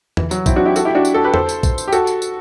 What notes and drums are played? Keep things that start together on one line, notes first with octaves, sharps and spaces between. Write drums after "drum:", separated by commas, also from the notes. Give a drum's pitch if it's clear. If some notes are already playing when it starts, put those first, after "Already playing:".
E3, drum: tom
F#3, drum: tambourine
C4 E4, drum: kick A#1, tambourine
D4 F#4
E4 G4
F#4 A4, drum: tambourine
E4 G4
D4 F#4
drum: tambourine
F#4 A4
G4 B4
A4 C5, drum: tom
drum: tambourine
drum: kick A#1, tambourine
drum: tambourine
G4
F#4 A4, drum: tambourine
drum: tambourine
drum: tambourine